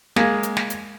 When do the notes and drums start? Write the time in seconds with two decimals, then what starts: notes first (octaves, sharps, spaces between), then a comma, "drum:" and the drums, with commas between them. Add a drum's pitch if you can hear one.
0.16 G#3 A#3, drum: snare
0.43 drum: hi-hat
0.57 drum: snare
0.70 drum: hi-hat